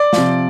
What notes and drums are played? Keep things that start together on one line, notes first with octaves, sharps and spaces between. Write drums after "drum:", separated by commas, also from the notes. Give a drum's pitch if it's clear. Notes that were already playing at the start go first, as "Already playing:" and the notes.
Already playing: D5
C3 F3, drum: snare